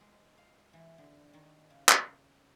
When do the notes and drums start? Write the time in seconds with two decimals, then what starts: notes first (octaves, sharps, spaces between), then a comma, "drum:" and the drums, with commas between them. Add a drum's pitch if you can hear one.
0.01 G#3
0.38 F5
0.73 E3
0.98 D3
1.33 D#3
1.70 C#3
1.89 drum: clap